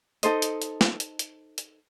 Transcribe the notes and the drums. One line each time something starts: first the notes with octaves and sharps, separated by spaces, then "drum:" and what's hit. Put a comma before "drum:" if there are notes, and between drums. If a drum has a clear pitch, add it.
D#4 A4 C5 D#5, drum: hi-hat
drum: hi-hat
drum: hi-hat
drum: snare
drum: hi-hat
drum: hi-hat
drum: hi-hat